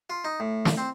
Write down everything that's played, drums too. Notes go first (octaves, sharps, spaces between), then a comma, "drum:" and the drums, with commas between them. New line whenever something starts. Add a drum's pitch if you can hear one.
F4
D#4
A2
drum: snare
C4